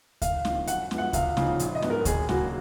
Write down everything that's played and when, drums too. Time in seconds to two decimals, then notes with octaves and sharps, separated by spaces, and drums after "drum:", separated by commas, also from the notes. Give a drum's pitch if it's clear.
0.22 F#1 F5, drum: kick D2, hi-hat
0.45 F2 D#3 A#3, drum: snare
0.67 F#2 F#5, drum: hi-hat
0.91 F3 G#3 B3, drum: snare
0.98 F#5
1.13 C#2 F5, drum: kick D2, hi-hat
1.37 C#3 F3 A#3 D#4, drum: snare
1.59 A#1, drum: hi-hat
1.75 D#5
1.82 G#2 F#3 B3, drum: snare
1.90 A#4
2.05 D#2 G#4, drum: kick D2, hi-hat
2.29 C#3 F#3 A#3 F#4, drum: snare